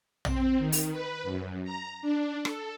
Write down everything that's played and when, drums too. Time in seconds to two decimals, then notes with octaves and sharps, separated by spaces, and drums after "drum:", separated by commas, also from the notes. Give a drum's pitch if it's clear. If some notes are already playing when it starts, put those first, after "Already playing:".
0.25 C4, drum: tom A#1
0.59 D#3
0.72 drum: open hi-hat
0.91 B4
1.23 F#2
1.64 A#5
2.02 D4
2.45 A4, drum: rim click